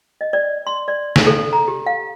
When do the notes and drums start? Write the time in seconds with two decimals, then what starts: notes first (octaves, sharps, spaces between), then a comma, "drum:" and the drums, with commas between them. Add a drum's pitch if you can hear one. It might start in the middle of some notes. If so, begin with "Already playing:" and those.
0.21 D#5
0.33 D5
0.67 C6
0.88 D5
1.16 drum: snare
1.27 A4
1.53 A#5
1.68 G4
1.86 F5